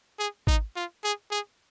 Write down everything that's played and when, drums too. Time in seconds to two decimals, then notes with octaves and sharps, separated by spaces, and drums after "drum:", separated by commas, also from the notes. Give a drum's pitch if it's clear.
0.19 G#4
0.47 D#4, drum: kick G#1
0.76 F4
1.04 G#4
1.31 G#4